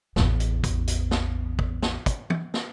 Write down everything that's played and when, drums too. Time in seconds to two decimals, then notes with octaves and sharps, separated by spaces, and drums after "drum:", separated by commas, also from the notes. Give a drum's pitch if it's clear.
0.16 A1 E2, drum: snare
0.40 drum: hi-hat
0.64 drum: kick, hi-hat
0.87 drum: hi-hat
1.11 drum: snare
1.59 drum: kick
1.83 drum: snare
2.06 drum: kick, hi-hat
2.30 drum: tom
2.54 drum: snare